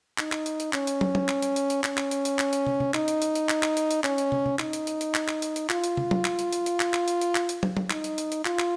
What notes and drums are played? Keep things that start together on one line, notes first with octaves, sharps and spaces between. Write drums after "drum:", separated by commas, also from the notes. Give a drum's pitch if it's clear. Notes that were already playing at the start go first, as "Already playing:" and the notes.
D#4, drum: clap
drum: clap
drum: hi-hat
drum: hi-hat
C#4, drum: clap
drum: hi-hat
drum: tom
drum: tom
drum: clap
drum: hi-hat
drum: hi-hat
drum: hi-hat
C#4, drum: clap
drum: clap
drum: hi-hat
drum: hi-hat
drum: clap
drum: hi-hat
drum: tom
drum: tom
D#4, drum: clap
drum: hi-hat
drum: hi-hat
drum: hi-hat
drum: clap
drum: clap
drum: hi-hat
drum: hi-hat
C#4, drum: clap
drum: hi-hat
drum: tom
drum: tom
D#4, drum: clap
drum: hi-hat
drum: hi-hat
drum: hi-hat
drum: clap
drum: clap
drum: hi-hat
drum: hi-hat
F4, drum: clap
drum: hi-hat
drum: tom
drum: tom
drum: clap
drum: hi-hat
drum: hi-hat
drum: hi-hat
drum: clap
drum: clap
drum: hi-hat
drum: hi-hat
drum: clap
drum: hi-hat
drum: tom
drum: tom
D#4, drum: clap
drum: hi-hat
drum: hi-hat
drum: hi-hat
F4, drum: clap
drum: clap